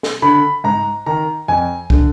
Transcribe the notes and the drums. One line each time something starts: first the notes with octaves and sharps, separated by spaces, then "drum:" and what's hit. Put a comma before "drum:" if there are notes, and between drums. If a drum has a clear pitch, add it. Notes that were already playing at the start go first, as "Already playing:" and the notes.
drum: snare
D3 B5
G#2 A#5
D#3 A#5
F2 G#5
D3, drum: kick